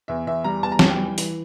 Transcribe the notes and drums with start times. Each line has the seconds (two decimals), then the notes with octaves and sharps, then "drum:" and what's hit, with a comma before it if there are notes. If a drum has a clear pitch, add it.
0.08 E2 E5
0.27 E2 E5
0.44 G3 A#5
0.63 E2 A5
0.72 A#5
0.79 G3 A5, drum: snare
0.88 G5
1.00 E3
1.18 E3, drum: open hi-hat